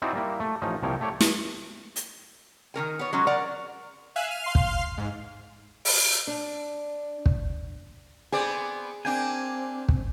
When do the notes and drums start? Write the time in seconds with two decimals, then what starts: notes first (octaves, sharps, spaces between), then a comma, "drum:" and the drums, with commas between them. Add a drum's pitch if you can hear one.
0.02 C4 D#4 E4 F#4 G#4 D5
0.13 G3 A#3 E4
0.40 A3
0.62 A1 F3 C#4 D#4
0.83 C2 F3 A#3 C4 C#5 G5
1.01 A3 G4 C#5 D5
1.21 drum: snare
1.96 drum: hi-hat
2.74 D#3 C#4 A#4 G#5
2.99 B3 C#5
3.13 F#3 G#3 C#4 F#4
3.27 A#4 D5 F#5 A#5
4.16 E5 F5 G#5 E6 F#6
4.31 F6 D#7
4.44 F5 C6 F6 C7
4.55 drum: kick
4.98 G#2
5.85 drum: open hi-hat
6.27 D4
7.26 drum: kick
8.32 B3 C4 G#4 D5
9.05 A#3 C4 D4 G5 G#5
9.89 drum: kick